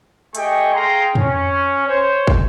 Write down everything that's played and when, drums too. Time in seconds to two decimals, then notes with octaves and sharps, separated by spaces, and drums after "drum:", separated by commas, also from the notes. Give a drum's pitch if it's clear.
0.35 A3 G4 G#4 D#5 G5 C#6, drum: hi-hat
0.74 G#4 F5 G5 A#5 C6
1.15 C#4, drum: tom F2
1.87 C5 C#5
2.27 drum: kick